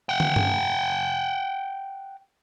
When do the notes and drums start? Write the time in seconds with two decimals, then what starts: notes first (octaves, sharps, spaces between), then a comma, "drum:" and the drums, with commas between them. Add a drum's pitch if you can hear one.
0.09 F#5 G5
0.20 drum: tom
0.36 drum: tom G2